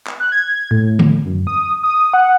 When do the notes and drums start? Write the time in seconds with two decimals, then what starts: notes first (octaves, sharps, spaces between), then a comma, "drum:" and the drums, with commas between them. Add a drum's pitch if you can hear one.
0.07 drum: clap
0.20 F#6
0.32 G#6
0.71 A2
0.99 drum: tom D3
1.25 F#2
1.47 D#6
1.83 D#6
2.14 F#5